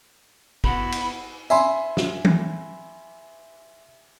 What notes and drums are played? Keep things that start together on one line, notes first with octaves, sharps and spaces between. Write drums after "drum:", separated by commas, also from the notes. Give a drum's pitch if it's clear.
B3 E4 F#4 B5, drum: kick
drum: cymbal
E5 G#5 B5 C6, drum: tambourine
drum: snare
drum: tom E3